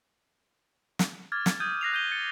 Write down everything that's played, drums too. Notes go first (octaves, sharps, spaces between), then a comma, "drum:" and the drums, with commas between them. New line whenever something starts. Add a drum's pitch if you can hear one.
drum: snare
D6 F6 G#6 A6
drum: snare
D#6 G6 G#6 D#7
F#6 A#6 C7 F7
F6 G6 D#7 G7
A6 C#7